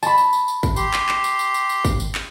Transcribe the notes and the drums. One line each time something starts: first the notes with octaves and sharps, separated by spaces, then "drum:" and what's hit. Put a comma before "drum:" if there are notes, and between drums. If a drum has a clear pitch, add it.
A5 B5, drum: tambourine
drum: tambourine
drum: tambourine
drum: tambourine
drum: kick, tambourine
G4 C6, drum: tambourine
drum: clap
drum: clap
drum: tambourine
drum: tambourine
drum: tambourine
drum: tambourine
drum: kick, tambourine
drum: tambourine
drum: clap